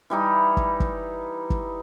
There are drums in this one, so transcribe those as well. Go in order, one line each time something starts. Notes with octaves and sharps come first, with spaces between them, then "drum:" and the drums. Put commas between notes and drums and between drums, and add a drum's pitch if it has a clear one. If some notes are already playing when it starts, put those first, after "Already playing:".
E3 G3 D#4 E4
drum: kick
drum: kick
drum: kick